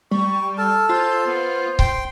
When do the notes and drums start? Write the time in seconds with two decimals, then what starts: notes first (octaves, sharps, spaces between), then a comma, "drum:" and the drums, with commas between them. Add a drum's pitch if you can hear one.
0.11 G3 C#6
0.58 A4 A5 F6
0.89 F4 C5
1.26 B3
1.79 G5 C6, drum: kick C#1